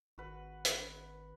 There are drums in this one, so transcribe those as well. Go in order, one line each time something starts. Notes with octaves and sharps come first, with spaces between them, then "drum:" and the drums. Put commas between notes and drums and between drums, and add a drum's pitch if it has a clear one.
G#1 F#4 B4
drum: hi-hat